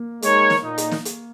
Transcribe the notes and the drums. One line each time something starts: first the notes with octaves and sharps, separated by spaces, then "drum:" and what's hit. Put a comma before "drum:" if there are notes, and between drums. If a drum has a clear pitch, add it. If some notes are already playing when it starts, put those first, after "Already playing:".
Already playing: A#3
G#3 D#4 A#4 C#5, drum: hi-hat
drum: snare
A#2 D#4
drum: hi-hat
drum: snare
drum: hi-hat